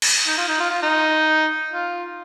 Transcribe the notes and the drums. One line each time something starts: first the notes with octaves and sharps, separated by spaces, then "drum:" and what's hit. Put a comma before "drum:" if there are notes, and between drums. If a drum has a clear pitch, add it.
drum: cymbal
D#4
F4
D#4
F4
F4
D#4
F4